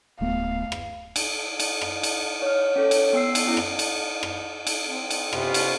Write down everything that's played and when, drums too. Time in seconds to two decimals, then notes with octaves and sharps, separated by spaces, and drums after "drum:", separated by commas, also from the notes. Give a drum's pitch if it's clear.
0.21 D1 A3 B3 F5
0.72 drum: rim click
1.16 drum: cymbal
1.60 drum: cymbal
1.81 drum: rim click
2.03 drum: cymbal
2.42 C#5 F6
2.76 C#4 A4 C#5
2.91 drum: cymbal
3.13 B3 G5 E6 C7
3.35 drum: cymbal
3.47 B3 C#4 E4
3.57 drum: rim click
3.79 drum: cymbal
4.23 drum: rim click
4.67 drum: cymbal
4.84 C4
5.10 drum: cymbal
5.33 C3 B3 C#4 F4, drum: rim click
5.54 drum: cymbal